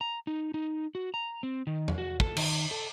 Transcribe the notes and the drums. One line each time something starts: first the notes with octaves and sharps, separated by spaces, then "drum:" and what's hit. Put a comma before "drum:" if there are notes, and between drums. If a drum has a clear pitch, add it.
A#5
D#4
D#4
F#4
A#5
C4
D#3
drum: tom E2
F#4
A4, drum: kick
D#3, drum: cymbal
A4